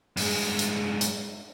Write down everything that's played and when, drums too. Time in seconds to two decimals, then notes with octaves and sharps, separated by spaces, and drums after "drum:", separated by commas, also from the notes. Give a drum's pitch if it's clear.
0.17 G2 G#3, drum: open hi-hat
0.59 drum: hi-hat
1.01 drum: hi-hat